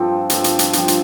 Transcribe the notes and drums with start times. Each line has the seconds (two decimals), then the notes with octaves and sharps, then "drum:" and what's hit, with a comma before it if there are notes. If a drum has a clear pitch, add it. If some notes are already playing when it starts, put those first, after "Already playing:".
Already playing: G2 F3 C4 A4
0.30 G2 F3 C4 A4, drum: hi-hat
0.44 drum: hi-hat
0.59 drum: hi-hat
0.73 G2 F3 C4 A4, drum: hi-hat
0.88 drum: hi-hat